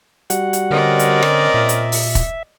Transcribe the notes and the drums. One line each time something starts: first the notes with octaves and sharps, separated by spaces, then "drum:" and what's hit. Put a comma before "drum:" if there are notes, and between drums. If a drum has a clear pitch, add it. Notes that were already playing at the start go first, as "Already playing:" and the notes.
G3 F#4 F#5, drum: hi-hat
drum: hi-hat
D3 C4 C#4 A#4 D5 D#5
drum: hi-hat
drum: rim click
A#2 E5
drum: hi-hat
drum: open hi-hat
drum: kick, hi-hat